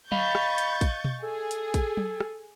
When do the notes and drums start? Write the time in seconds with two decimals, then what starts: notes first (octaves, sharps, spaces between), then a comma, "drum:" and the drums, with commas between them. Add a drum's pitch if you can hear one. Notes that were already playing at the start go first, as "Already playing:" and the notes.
0.12 D#5 F5 B5 C#6 G6 A6, drum: tom F#3
0.35 drum: rim click
0.58 drum: hi-hat
0.81 drum: kick, hi-hat
1.04 drum: tom B2
1.23 G#4 A4
1.51 drum: hi-hat
1.74 drum: kick, hi-hat
1.97 drum: tom F#3
2.20 drum: rim click